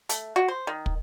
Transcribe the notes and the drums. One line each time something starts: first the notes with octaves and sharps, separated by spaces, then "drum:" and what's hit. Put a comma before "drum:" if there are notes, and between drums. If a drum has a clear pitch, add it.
A3, drum: hi-hat
F#4
C5
D#3
drum: kick